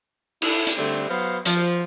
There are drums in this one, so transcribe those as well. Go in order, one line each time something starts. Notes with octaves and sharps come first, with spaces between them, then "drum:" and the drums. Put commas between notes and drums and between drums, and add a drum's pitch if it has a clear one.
E4 A4, drum: cymbal
drum: hi-hat
D3 G3 A3 C4
F#3 B3 C5 F5
F3, drum: hi-hat